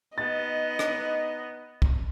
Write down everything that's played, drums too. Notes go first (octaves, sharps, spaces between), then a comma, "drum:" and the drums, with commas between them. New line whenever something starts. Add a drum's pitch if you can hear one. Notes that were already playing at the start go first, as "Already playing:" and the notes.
B3 D#4 D#5 A6
drum: rim click
drum: kick